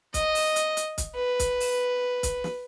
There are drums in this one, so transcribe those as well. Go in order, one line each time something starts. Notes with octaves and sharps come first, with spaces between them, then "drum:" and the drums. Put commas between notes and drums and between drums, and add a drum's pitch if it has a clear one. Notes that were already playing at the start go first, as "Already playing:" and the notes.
D#5, drum: kick, hi-hat
drum: open hi-hat
drum: hi-hat
drum: hi-hat
drum: kick, hi-hat
B4
drum: kick, hi-hat
drum: open hi-hat
drum: kick, hi-hat
drum: snare